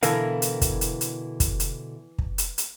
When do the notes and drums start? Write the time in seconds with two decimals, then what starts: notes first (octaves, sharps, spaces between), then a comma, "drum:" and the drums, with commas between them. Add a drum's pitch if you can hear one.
0.03 B2 D3 E3 E4 A4 A#4 F5, drum: hi-hat
0.42 drum: hi-hat
0.61 drum: kick, hi-hat
0.81 drum: hi-hat
1.01 drum: hi-hat
1.40 drum: kick, hi-hat
1.60 drum: hi-hat
2.18 drum: kick
2.38 drum: hi-hat
2.58 drum: hi-hat